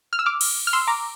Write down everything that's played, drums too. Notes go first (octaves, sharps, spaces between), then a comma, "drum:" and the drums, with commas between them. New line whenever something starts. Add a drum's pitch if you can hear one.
F6
E6
D6 F6
drum: cymbal
F6
C6 E6
A#5 D6